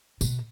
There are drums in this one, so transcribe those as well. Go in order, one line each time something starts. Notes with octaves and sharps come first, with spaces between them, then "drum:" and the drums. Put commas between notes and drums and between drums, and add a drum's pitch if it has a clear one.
B2, drum: tambourine